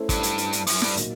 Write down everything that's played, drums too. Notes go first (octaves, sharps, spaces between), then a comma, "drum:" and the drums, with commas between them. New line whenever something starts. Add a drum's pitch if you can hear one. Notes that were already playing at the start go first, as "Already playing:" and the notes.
Already playing: A3 C#4 E4 A4 C5
G2, drum: kick, hi-hat
drum: hi-hat
drum: hi-hat
drum: hi-hat
F#2, drum: open hi-hat
G2, drum: snare
A#2 F#3 A#3 D#4, drum: hi-hat